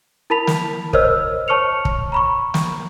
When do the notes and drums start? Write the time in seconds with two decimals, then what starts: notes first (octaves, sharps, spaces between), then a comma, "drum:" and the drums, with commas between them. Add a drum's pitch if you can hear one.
0.30 E4 A#4 A5 B5 B6 F7
0.47 drum: snare
0.93 A#4 C5 C#5 D#5 E6 F6, drum: kick
1.48 C#5 A5 C#6 F6 C#7 F7
1.85 drum: kick
2.12 A#5 B5 C#6
2.54 drum: snare